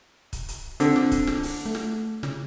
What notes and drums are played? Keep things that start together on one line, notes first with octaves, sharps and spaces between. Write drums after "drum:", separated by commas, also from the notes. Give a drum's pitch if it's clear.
drum: kick, hi-hat
drum: hi-hat
D3 C4, drum: hi-hat
drum: snare
drum: kick, hi-hat
drum: snare
drum: open hi-hat
A3
drum: snare
C#3, drum: snare